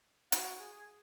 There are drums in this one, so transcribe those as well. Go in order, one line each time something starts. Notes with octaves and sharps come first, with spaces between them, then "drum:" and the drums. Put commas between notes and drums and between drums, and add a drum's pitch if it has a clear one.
F#4, drum: hi-hat
G#4